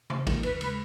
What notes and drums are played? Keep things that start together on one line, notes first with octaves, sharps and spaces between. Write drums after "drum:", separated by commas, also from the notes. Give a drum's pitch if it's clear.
C#3, drum: tom C3
F3 A#3 D#4, drum: kick G#1, cymbal
D#2 B4, drum: cymbal
C#3 G#3 B4, drum: cymbal